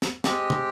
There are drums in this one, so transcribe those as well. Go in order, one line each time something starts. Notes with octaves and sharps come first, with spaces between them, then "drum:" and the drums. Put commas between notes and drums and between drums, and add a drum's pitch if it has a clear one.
drum: snare
G#3 C4 G4 D#5, drum: snare
drum: tom